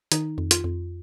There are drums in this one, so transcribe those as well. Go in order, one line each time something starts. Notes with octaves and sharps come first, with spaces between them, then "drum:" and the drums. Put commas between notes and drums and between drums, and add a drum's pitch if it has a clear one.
D#3 D#4, drum: hi-hat
F2
F4, drum: hi-hat
F2